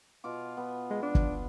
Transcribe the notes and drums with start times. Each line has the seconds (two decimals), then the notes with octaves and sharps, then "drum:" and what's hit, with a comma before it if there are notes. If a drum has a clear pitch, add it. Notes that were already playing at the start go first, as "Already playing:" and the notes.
0.24 B2 F4 D6
0.57 B3
0.90 G#3
1.03 D4
1.15 drum: kick